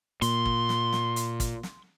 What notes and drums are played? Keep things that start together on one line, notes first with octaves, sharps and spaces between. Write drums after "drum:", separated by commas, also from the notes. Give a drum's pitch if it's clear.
A#2 C6, drum: hi-hat
drum: kick
drum: snare
drum: snare
drum: hi-hat
drum: kick, hi-hat
drum: snare